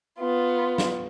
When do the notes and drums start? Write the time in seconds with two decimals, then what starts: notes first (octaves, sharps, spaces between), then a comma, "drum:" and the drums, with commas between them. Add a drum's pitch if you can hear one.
0.19 B3 F4
0.78 drum: snare